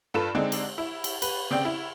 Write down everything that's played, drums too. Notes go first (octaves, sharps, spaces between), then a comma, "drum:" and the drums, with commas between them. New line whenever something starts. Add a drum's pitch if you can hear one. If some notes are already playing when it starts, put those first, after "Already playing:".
G2 F4 A4 B4 B5 E7
D3 G#3 C4 D4 D#4
drum: cymbal
E4
drum: cymbal
B4, drum: cymbal
C#3 C4 D5 G5
E4